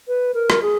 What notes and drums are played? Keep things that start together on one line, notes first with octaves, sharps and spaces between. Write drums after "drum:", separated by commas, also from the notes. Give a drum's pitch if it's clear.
B4
A#4
drum: rim click
G#4